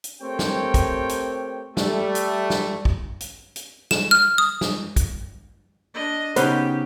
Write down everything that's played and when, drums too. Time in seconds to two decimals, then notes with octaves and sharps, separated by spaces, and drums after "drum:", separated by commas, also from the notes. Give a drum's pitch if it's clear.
0.04 drum: hi-hat
0.21 A3 C4 G4 A#4 C#5 G5
0.39 drum: snare
0.74 drum: kick, hi-hat
1.09 drum: hi-hat
1.77 G3 A3, drum: snare
2.15 drum: hi-hat
2.50 drum: snare
2.85 drum: kick
3.20 drum: hi-hat
3.56 drum: hi-hat
3.91 E7, drum: snare
4.11 F6
4.38 D#6
4.61 drum: snare
4.96 drum: kick, hi-hat
5.94 D4 D#5
6.36 C#3 B3 C#4 D#4 G4 C5, drum: hi-hat